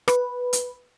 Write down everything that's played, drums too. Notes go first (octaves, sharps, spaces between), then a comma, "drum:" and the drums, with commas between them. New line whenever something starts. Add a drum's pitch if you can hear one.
B4, drum: rim click
drum: hi-hat